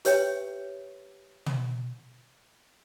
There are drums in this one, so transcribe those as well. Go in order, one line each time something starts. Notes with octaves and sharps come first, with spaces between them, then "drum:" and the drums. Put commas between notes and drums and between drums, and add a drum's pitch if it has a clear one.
G4 B4 C#5 E5 G5, drum: hi-hat
drum: tom